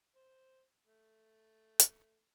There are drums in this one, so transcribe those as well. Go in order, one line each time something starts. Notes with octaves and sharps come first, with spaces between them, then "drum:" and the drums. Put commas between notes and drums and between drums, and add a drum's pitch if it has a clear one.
C5
A3
drum: hi-hat